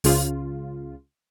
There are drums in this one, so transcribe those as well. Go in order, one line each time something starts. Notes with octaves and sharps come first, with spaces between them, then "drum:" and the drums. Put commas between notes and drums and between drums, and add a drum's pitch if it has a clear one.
C#2 C#3 F4, drum: open hi-hat